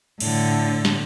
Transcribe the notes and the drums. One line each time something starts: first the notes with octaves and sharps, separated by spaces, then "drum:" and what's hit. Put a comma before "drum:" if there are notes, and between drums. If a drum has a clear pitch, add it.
A2 D3, drum: cymbal
drum: snare